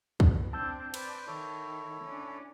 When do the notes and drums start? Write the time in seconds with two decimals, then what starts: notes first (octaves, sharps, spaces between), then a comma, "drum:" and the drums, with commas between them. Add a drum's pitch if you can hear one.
0.20 E2, drum: kick
0.53 C4 D4 A5 E6 G6
0.94 B4 C5 D5, drum: cymbal
1.27 D#3 E4 A4 C#5
2.04 C#4 D4